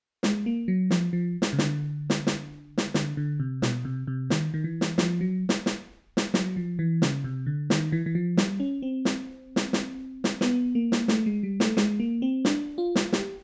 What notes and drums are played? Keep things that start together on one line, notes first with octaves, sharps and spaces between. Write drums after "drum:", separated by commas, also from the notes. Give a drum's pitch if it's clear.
G#3, drum: snare
A#3
F#3
F3, drum: snare
F3
drum: snare
C#3
D3, drum: snare
drum: snare
drum: snare
drum: snare
D3, drum: snare
D3
C3
B2, drum: snare
C3
C3
D#3, drum: snare
D#3
E3
drum: snare
F3, drum: snare
F#3
drum: snare
drum: snare
drum: snare
F#3, drum: snare
F3
E3
C#3, drum: snare
C3
D3
D#3, drum: snare
E3
E3
F3
G3, drum: snare
C#4
C4
drum: snare
drum: snare
drum: snare
drum: snare
B3, drum: snare
A#3
drum: snare
A3, drum: snare
G#3
G3
A3, drum: snare
G#3, drum: snare
A#3
C4
D4, drum: snare
F4
drum: snare
G4, drum: snare